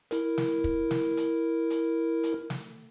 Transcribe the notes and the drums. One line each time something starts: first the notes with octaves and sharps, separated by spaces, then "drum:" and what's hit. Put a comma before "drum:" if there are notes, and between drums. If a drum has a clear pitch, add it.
E4 A#4, drum: hi-hat
drum: snare
drum: kick
drum: snare
drum: hi-hat
drum: hi-hat
drum: hi-hat
drum: snare